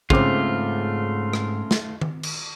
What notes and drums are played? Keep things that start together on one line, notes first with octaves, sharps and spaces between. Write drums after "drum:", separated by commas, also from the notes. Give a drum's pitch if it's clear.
D#2 G#2 C#3 A3 C4 F4 D6, drum: kick
drum: rim click
drum: snare
drum: tom D#3
drum: cymbal